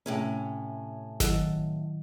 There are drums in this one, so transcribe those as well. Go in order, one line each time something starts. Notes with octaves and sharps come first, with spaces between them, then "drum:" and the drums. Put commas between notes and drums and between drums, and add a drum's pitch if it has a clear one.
A2 C3 C#4
D#3 F#3 E4, drum: snare G#1